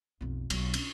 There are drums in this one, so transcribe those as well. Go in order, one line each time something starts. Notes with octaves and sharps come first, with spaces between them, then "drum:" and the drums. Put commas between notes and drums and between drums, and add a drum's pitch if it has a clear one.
B1 F2
B1 F#3, drum: cymbal
C#4 D4, drum: cymbal